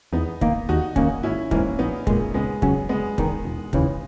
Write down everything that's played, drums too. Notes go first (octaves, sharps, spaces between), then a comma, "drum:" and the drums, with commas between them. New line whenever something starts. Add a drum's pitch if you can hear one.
E2 B3 D#4
D#3 A#3, drum: kick
D#2 D#4 F#4
D#3 A#3 C#4, drum: kick
G#1 C#4 E4
G#2 E3 A#3 C#4, drum: kick
A#1 B3 D#4
A#2 G#3, drum: kick
C#2 G#3 B3
C#3 F#3 C#4, drum: kick
F#1 G#3 B3
E2 D#3, drum: kick
E1
D#2 C#3 E3, drum: kick